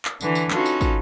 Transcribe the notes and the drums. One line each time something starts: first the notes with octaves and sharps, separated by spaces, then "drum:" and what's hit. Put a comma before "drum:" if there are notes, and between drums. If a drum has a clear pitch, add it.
drum: clap
D3 E3, drum: tambourine
drum: tambourine
C#4 D#4 F4 F#4 A4 B4, drum: clap
drum: tambourine
drum: kick, tambourine